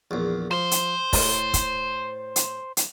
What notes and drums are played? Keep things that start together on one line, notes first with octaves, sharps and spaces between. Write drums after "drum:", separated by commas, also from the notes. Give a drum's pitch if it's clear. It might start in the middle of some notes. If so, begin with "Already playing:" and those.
A#1 E2
F3 C5 C6
drum: hi-hat
A2, drum: kick, open hi-hat
drum: kick, hi-hat
drum: hi-hat
drum: hi-hat